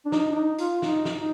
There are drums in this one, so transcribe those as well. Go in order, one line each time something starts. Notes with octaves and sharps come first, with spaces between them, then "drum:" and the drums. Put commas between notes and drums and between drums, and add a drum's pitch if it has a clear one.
D4
D#4, drum: snare
D4
D#4
F4, drum: hi-hat
D#4, drum: snare
drum: snare
D#4